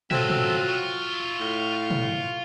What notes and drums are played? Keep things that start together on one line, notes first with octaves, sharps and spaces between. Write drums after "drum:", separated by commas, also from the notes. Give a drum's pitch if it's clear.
F#3 C4 F4 A4 E5, drum: tom
drum: tom
C#6
A2
drum: tom